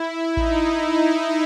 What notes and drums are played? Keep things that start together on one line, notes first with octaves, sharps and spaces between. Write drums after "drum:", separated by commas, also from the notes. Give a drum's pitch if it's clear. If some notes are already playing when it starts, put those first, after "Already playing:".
Already playing: E4
D#4, drum: kick A1